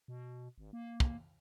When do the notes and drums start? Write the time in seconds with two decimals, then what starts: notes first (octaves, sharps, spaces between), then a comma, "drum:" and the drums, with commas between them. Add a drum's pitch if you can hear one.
0.08 B2
0.58 G#1
0.73 A#3
1.00 drum: kick